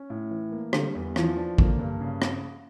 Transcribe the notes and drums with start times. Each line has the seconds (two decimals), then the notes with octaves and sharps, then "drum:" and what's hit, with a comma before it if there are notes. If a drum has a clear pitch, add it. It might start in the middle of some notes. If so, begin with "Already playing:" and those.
Already playing: C#4
0.10 A2
0.31 E3
0.52 A#3
0.73 D3 G3, drum: rim click
0.95 E2
1.16 E3 F3, drum: rim click
1.36 D4
1.58 D3 A#3, drum: kick
1.79 G2
2.01 C#3
2.22 drum: rim click